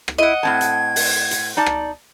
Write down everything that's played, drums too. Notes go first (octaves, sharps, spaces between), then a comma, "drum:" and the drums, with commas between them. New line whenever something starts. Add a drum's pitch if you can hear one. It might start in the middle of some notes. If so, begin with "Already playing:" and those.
drum: rim click
E4 D#5 F#5
A2 C4 A5 G#6
drum: hi-hat
drum: open hi-hat
drum: hi-hat
D#4 D5 A5
drum: rim click